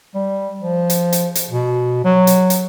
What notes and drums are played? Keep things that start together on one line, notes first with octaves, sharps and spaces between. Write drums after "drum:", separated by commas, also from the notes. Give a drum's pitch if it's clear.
G3
F3
drum: hi-hat
drum: hi-hat
drum: hi-hat
B2
F#3
drum: hi-hat
drum: hi-hat